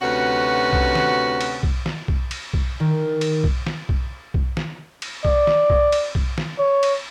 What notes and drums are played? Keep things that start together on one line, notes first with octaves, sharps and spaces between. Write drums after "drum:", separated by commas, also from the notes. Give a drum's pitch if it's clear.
D2 C3 C#4 F#4 B4 F#5
drum: kick B1
drum: snare
drum: cymbal
drum: kick B1
drum: snare
drum: kick B1
drum: cymbal
drum: kick B1
D#3
drum: cymbal
drum: kick B1
drum: snare
drum: kick B1
drum: kick B1
drum: snare
drum: cymbal
D5, drum: kick B1
drum: snare
drum: kick B1
drum: cymbal
drum: kick B1
drum: snare
C#5
drum: cymbal